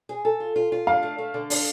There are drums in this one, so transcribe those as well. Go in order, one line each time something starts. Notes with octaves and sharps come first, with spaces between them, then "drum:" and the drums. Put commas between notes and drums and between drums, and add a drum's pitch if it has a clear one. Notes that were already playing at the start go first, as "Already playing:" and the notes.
G#4
A4
F4
F4
F4
D4 F5
A3
A3
D3
D4, drum: open hi-hat